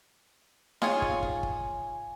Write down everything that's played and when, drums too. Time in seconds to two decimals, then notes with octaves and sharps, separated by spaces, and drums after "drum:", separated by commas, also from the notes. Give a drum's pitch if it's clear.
0.82 F4 G#4 C#5 G#5, drum: snare D#4
1.02 drum: kick
1.23 drum: kick
1.43 drum: kick